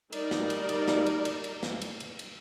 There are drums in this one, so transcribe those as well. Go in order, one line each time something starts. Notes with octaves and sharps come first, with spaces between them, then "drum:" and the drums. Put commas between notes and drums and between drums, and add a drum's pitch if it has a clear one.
G3 D#4 A#4 D5, drum: cymbal
drum: snare
drum: cymbal
drum: cymbal
drum: snare
drum: cymbal
drum: cymbal
drum: cymbal
drum: snare
drum: cymbal
drum: cymbal
drum: cymbal